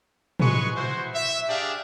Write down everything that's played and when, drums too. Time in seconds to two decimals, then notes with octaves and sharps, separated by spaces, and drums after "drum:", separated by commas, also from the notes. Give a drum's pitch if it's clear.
0.40 G#3 B4 G#5 C#6, drum: tom
0.76 E4 F#4 C5
1.15 E5
1.49 D4 G4 G#4 D5 F5